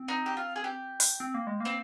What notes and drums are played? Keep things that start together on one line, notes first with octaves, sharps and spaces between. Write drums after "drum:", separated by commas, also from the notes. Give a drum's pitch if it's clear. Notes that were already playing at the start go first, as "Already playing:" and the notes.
Already playing: C4
D#4
G4
F4
G#4
G4
drum: open hi-hat
C4
A#3
G#3
A#3 C4